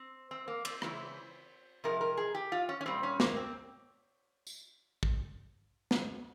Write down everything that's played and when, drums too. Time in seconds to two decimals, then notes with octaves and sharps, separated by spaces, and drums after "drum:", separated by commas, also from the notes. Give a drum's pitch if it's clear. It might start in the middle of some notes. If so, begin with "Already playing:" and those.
Already playing: C4
0.31 C4
0.48 A#3
0.65 C4, drum: cymbal
0.82 C#3 E3 G#3, drum: rim click
1.84 C3 F3 G#3 A#4
2.01 A#4
2.17 G#4
2.35 G4
2.52 F4
2.69 C#4
2.81 C#4
2.86 A#2 G3 C4
3.03 C#4
3.20 A#3, drum: snare
3.37 C4
4.47 drum: tambourine
5.03 drum: kick
5.91 drum: snare